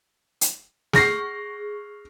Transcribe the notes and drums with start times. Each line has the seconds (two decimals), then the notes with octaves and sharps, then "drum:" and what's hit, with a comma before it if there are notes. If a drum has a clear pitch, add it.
0.41 drum: hi-hat
0.93 G#4 C#6 F6 A#6 C7, drum: snare